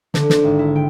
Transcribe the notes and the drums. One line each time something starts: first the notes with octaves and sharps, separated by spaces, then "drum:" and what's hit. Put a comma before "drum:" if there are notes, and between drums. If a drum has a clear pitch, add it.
D3, drum: snare
C5, drum: snare
G#1
E4
G5